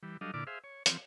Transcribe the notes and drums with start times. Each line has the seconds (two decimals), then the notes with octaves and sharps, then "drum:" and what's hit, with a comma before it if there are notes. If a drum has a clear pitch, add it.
0.03 E3 G3
0.21 F#3 G3 D4 A4 D#5 F5
0.34 A#2 D3 E4 D5 D6 F6
0.47 G#4 C5 E5 F5
0.64 C#5
0.86 E3 F3 C4, drum: hi-hat